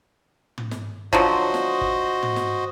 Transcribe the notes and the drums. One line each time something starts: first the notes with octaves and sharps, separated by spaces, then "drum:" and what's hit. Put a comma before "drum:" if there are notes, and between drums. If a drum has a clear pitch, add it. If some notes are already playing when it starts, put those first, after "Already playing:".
drum: tom
drum: snare
D3 F3 F#3 F#4 C5 D#5, drum: kick
drum: snare
drum: kick
drum: tom
drum: snare